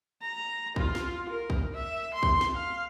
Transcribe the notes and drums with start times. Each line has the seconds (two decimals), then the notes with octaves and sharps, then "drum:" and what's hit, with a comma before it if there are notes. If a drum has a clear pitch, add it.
0.22 A#5
0.76 F4, drum: kick
0.95 drum: snare
1.29 A#4
1.50 drum: kick
1.74 E5
2.14 C6
2.23 drum: kick
2.41 drum: snare
2.55 F5